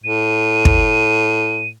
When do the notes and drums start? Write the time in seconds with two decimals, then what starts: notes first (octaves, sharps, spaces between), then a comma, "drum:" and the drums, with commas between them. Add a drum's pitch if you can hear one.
0.04 A2 D#7
0.65 drum: kick